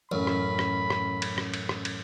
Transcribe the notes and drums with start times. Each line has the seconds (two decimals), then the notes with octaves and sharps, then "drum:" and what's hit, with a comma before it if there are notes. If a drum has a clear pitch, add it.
0.12 A1 F#2 B5
0.27 drum: rim click
0.59 drum: rim click
0.90 drum: rim click
1.22 drum: cymbal
1.38 drum: rim click
1.54 drum: cymbal
1.69 drum: rim click
1.85 drum: cymbal